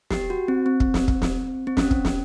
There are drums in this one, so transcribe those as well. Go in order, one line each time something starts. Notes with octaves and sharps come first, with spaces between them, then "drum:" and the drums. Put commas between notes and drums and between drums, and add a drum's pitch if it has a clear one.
G4, drum: snare
F#4
C4
C4
drum: kick
drum: snare
drum: kick
drum: snare
C4
C#4, drum: snare
drum: kick
drum: snare